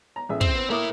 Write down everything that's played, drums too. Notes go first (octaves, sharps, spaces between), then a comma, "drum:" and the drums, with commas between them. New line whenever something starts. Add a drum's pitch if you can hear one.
A#5
A1 G#4 E5
C4, drum: kick
B3
A3 A#3 E4 D6 D#6